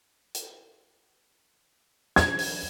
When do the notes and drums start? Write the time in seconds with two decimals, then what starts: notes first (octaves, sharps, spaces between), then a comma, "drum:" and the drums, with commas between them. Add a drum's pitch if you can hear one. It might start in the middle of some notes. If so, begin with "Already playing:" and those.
0.35 drum: hi-hat
2.16 G#6, drum: snare
2.39 drum: open hi-hat